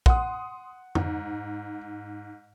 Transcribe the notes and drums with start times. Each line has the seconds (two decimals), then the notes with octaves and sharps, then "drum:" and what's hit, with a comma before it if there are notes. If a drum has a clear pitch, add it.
0.06 F#5 C6 D#6, drum: kick
0.95 G#2, drum: tom F2